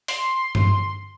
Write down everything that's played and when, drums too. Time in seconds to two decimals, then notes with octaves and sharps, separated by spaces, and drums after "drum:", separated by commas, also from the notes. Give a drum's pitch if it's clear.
0.08 C6, drum: open hi-hat
0.55 drum: tom G2